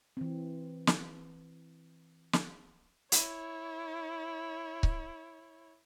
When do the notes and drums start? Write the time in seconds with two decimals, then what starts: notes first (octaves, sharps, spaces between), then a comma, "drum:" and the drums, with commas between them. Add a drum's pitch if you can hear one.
0.17 E3 C4
0.87 drum: snare
2.33 drum: snare
3.12 E4 C#5, drum: hi-hat
4.83 drum: kick C#1